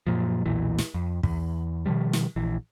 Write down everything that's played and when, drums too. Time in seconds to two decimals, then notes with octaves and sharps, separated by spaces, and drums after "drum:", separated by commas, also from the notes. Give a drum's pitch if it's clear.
0.07 F#2 A#2 F3
0.46 B1 E2 A#2 E3
0.78 drum: snare
0.95 F2
1.23 E2, drum: kick
1.86 B2 D#3 F3 G3
2.13 drum: snare
2.36 A#1 E3